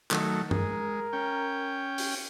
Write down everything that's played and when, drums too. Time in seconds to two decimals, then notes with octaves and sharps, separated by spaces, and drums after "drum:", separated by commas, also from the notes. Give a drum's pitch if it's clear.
0.11 D#3 F#3 A3, drum: clap
0.51 G#3 A#4, drum: tom G2
1.13 C#4 G5
1.98 drum: open hi-hat